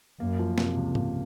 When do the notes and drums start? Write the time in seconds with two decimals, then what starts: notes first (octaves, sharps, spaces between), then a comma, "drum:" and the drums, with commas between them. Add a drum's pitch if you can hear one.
0.20 F#2 A#3
0.39 F3
0.58 C3, drum: snare A#3
0.77 C#2
0.95 A#3, drum: tom G#2